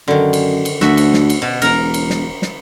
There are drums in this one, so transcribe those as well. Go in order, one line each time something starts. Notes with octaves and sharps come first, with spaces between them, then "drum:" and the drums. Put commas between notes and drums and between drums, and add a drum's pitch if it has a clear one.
F#2 D3 D#3
drum: cymbal
drum: cymbal
D2 F#4 E5, drum: snare
drum: cymbal
drum: snare
drum: cymbal
B2
E1 A#4 A#5, drum: cymbal
drum: cymbal
drum: snare
drum: snare